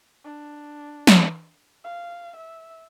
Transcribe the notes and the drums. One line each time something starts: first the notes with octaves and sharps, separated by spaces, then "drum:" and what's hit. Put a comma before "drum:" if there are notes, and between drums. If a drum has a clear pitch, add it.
D4
drum: snare
F5
E5